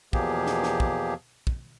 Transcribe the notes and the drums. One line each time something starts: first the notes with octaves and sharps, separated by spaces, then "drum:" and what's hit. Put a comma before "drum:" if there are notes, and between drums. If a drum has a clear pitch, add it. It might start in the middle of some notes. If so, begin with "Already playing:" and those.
E2 B2 F3 A#3 G4 G#4, drum: kick
drum: snare
drum: snare
drum: kick
drum: kick